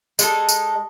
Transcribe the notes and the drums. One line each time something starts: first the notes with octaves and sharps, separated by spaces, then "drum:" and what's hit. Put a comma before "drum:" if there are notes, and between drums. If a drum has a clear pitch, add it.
G#3 D#4 A4, drum: tambourine
drum: tambourine